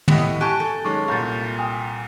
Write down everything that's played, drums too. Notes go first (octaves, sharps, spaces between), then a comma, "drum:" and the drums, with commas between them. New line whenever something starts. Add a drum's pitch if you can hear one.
A2 B3 G4 D#5, drum: tom
G4 G#5 A5 C#6 F#6
A4
D#3 G#3 C#4 C#6 D6
C2 A#2 B5 G6 A6
G5 G#5 D#6